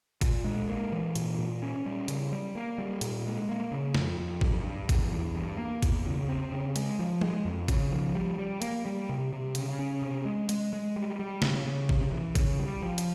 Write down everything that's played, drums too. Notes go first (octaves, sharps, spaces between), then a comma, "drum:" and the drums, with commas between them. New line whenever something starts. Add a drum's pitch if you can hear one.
A#2, drum: kick G#1, hi-hat
G#3
A#3
E3
A#2, drum: hi-hat
A#2
C#4
G3
C#3, drum: hi-hat
G3
A#3
G3
A#2, drum: hi-hat
G#3
A#3
C#3
F2, drum: snare
F2
G2, drum: kick G#1
G2
E2, drum: kick G#1, hi-hat
E2
G2
A#3
E2, drum: kick G#1, hi-hat
C#3
C4
C#3
G#3, drum: hi-hat
F3
G#3, drum: tom
F2
C#3, drum: kick G#1, hi-hat
F3
G3
G3
A#3, drum: hi-hat
G3
C3
C3
C#3, drum: hi-hat
C#4
C3
G#3
G#3, drum: hi-hat
G#3
G3
G3
C#3, drum: snare
C#3
C3, drum: kick G#1
E3
C#3, drum: kick G#1, hi-hat
G3
F3
drum: hi-hat